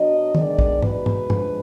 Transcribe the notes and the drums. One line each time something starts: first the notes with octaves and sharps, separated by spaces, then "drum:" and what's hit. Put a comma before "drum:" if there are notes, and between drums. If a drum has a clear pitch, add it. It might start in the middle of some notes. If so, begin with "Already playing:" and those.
Already playing: B2 F#3 D4 D#5
D#3 G#3 B3 D4 D5, drum: tom
drum: kick
B2 G#3 D#4 B4, drum: tom G#2
drum: tom G#2
F3 G#3 D4, drum: tom